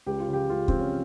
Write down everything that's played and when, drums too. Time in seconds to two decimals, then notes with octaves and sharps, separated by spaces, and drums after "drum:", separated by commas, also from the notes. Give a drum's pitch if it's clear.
0.06 C#2 G4
0.20 F4
0.28 C#3
0.33 G4
0.50 C#2 F4
0.68 F3 C4, drum: kick
0.80 C#4